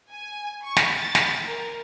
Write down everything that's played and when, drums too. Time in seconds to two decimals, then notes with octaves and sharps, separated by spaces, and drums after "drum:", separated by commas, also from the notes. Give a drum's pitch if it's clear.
0.11 G#5
0.64 C#6
0.76 drum: snare
0.96 A6
1.15 drum: snare
1.46 A#4